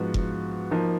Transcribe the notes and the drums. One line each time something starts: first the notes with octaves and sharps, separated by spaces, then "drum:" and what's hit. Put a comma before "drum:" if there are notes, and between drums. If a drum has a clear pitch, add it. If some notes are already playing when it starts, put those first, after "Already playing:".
Already playing: G#2 F3 B3 F#4
drum: kick F1
F3 A#3 D#4